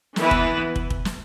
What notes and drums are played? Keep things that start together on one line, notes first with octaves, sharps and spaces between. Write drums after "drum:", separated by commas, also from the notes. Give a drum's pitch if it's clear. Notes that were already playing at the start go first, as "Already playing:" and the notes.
E3 B3 E4 B4, drum: snare
drum: kick
drum: kick
drum: kick
drum: snare